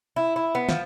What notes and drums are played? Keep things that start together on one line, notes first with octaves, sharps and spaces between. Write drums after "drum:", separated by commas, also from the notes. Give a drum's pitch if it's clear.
E4
E4
B3
F3, drum: snare